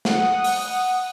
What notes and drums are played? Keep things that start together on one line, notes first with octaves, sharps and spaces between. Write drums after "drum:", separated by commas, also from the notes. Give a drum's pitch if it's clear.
F#5 D#6, drum: snare
drum: open hi-hat